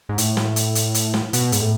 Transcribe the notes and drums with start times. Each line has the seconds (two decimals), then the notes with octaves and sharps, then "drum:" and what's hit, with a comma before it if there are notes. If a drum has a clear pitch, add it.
0.09 G#2
0.18 A2, drum: hi-hat
0.37 drum: snare
0.56 drum: hi-hat
0.75 drum: hi-hat
0.94 drum: hi-hat
1.14 drum: snare
1.33 B2, drum: hi-hat
1.52 G#2, drum: hi-hat
1.61 A2